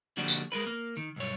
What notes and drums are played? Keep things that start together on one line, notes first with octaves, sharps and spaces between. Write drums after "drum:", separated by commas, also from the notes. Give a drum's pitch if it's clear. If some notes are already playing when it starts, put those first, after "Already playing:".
D3 F3 A#3 F#4 G4 D5
drum: tambourine
G#3 A#4 B4
A#3
D#3
B1 G2 C#5